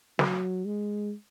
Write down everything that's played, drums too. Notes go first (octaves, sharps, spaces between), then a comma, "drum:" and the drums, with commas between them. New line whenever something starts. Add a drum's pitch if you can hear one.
F#3, drum: snare
G#3